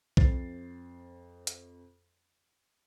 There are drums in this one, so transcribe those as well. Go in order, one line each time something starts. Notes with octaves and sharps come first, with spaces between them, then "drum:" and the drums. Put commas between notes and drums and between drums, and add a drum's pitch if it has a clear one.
F2 C5 A6 C7, drum: kick B1
drum: hi-hat